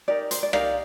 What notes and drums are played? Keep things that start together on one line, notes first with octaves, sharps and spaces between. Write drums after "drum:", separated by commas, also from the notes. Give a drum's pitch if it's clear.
D#4 G4 A#4 D5
C5, drum: hi-hat
D5
D#4 G4 A#4 D5 F5, drum: rim click